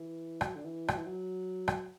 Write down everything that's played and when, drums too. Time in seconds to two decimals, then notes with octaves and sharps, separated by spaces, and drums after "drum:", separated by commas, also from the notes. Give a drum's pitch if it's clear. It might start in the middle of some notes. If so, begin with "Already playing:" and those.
Already playing: E3
0.41 F#3, drum: rim click
0.55 D3
0.65 E3
0.88 F#3, drum: rim click
0.97 E3
1.06 F#3
1.68 drum: rim click